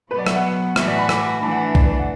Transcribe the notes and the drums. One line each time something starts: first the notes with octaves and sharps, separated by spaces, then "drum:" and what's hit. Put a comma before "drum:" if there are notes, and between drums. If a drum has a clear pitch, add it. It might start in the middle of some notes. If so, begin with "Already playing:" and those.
B2 F#3 B3 B4
D5
E5, drum: rim click
F#5
A2 E3 A3 F#4 B4 E5, drum: rim click
D5
B5
D6, drum: rim click
B5
E3 A3 D4 A5
F#5
E5
D5, drum: kick B1
B4
D5
F#5